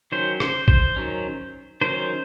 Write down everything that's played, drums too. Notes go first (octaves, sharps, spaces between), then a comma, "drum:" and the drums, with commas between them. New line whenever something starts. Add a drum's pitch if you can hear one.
D#3 F#3 C#4 C5
C5, drum: rim click
C5, drum: kick
D#3 F#3 C#4
D#3 F#3 C#4 C5